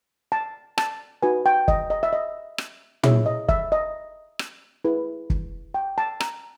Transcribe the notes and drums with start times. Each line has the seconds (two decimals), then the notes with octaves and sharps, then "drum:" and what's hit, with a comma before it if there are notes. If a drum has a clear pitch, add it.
0.32 A5
0.78 A5, drum: rim click
1.23 D#4 F#4 B4 G#5
1.46 G5
1.68 D#5, drum: kick
1.90 D#5
2.03 E5
2.13 D#5
2.58 drum: rim click
3.03 E4 G#4 C#5 E5, drum: tom
3.26 D#5
3.49 E5, drum: kick
3.72 D#5
4.39 drum: rim click
4.85 E4 G#4 B4
5.30 drum: kick
5.74 G5
5.98 A5
6.20 A#5, drum: rim click